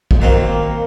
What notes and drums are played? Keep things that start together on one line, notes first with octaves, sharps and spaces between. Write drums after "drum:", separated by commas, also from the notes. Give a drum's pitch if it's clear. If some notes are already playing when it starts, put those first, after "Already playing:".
drum: kick
D#3 F#3 A#3 C4